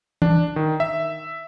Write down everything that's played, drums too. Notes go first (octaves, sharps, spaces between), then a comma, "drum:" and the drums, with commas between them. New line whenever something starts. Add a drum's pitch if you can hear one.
D4, drum: tom
D#3
E5